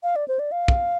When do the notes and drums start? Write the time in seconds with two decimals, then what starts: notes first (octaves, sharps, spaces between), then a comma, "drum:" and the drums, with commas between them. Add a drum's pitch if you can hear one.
0.03 F5
0.16 D5
0.28 C5
0.39 D5
0.52 F5
0.68 drum: kick